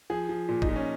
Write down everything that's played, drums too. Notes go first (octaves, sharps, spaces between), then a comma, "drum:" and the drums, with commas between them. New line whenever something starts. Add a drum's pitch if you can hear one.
F3 G#4
F3
A#2
D#4, drum: kick
A#2
C#4